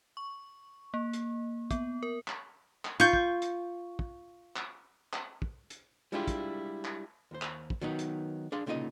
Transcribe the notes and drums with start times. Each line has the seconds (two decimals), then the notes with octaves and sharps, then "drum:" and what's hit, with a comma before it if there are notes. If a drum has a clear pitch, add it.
0.17 C#6
0.94 A#3
1.13 drum: hi-hat
1.71 B3, drum: kick, hi-hat
2.03 A#4
2.28 drum: clap
2.85 drum: clap
3.00 F4 C#6 G6
3.13 drum: kick
3.42 drum: hi-hat
3.99 drum: kick
4.56 drum: clap
5.13 drum: clap
5.42 drum: kick
5.70 drum: hi-hat
6.12 G3 G#3 D4 E4 F4 G4
6.27 drum: kick, hi-hat
6.85 drum: clap
7.31 D#2 C5
7.42 drum: clap
7.70 drum: kick
7.81 D#3 F#3 B3 D#4
7.99 drum: hi-hat
8.52 D4 G#4 D5 F5 C6
8.66 C2 A#2 C#3 D#4 E4 D#5